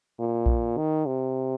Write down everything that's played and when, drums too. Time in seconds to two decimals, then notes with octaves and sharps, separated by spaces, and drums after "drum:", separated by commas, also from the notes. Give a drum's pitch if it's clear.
0.19 A#2
0.46 drum: kick A#1
0.77 D#3
1.06 C3